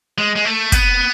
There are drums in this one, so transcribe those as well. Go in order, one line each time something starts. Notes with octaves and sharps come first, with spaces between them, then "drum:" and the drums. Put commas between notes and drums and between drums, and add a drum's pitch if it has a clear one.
G#3
G#3
A3
B3, drum: kick, hi-hat